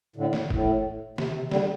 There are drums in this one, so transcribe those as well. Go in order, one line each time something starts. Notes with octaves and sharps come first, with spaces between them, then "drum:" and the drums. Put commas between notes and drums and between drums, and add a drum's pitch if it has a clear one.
A2 D3
drum: snare
A2, drum: kick F#1
C3, drum: snare
C3
D3 G3, drum: snare